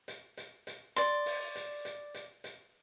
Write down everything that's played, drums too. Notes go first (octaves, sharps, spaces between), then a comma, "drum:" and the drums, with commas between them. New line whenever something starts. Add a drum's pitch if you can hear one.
drum: hi-hat
drum: hi-hat
drum: hi-hat
D5 C6, drum: hi-hat
drum: open hi-hat
drum: hi-hat
drum: hi-hat
drum: hi-hat
drum: hi-hat